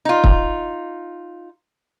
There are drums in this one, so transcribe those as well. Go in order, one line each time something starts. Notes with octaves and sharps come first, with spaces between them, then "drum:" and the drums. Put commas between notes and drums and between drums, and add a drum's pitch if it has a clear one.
D#4 F4
drum: kick